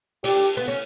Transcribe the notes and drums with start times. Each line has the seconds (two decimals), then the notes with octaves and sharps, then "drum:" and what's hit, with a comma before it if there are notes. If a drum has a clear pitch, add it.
0.24 D4 G4, drum: open hi-hat
0.57 B3
0.68 C#4